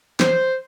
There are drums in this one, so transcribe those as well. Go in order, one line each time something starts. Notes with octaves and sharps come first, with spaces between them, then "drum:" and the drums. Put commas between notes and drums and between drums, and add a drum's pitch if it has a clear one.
C5, drum: snare